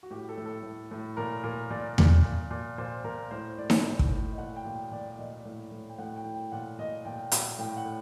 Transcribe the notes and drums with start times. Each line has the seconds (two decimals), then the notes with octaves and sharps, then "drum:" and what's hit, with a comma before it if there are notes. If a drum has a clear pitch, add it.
0.03 F#4
0.11 A2 G4
0.29 A4
0.37 A2
0.46 A4
0.63 A2
0.91 A2
1.17 A#2 A#4
1.43 A#2 A#4
1.70 A#2 D5
1.98 A#2, drum: tom E2
2.24 A#2
2.51 A#2
2.78 A#2 C5
3.04 A#2 A#4
3.31 A2 C5
3.58 A2 D5
3.70 drum: snare D#4
3.84 A2
3.99 drum: kick
4.12 A2
4.32 D#5
4.38 A#2 F#5
4.56 G5
4.65 A#2
4.91 A#2 D5
5.18 A#2 D#5
5.45 A2
5.72 A2
5.90 G5
5.98 A2 F#5
6.16 G5
6.25 A2
6.34 G5
6.52 A#2 F#5
6.78 A#2 D#5
7.05 A#2 G5
7.32 A#2 F#5, drum: hi-hat
7.59 A2 G5
7.77 F#5
7.85 A2